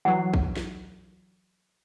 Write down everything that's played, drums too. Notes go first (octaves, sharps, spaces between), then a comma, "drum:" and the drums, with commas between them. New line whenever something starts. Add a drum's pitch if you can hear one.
E3 F#3 F#5
drum: kick
drum: snare